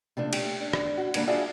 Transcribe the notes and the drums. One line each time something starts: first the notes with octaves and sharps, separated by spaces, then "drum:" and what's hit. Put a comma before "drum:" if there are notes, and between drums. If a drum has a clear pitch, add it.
C3 F3 A3 D4 A4
A3 G4, drum: cymbal
D4
drum: rim click
F#4
D#2 G#2 D3 G3 A#3 D4, drum: cymbal
D4 F4 F#4 G#4 D5 E5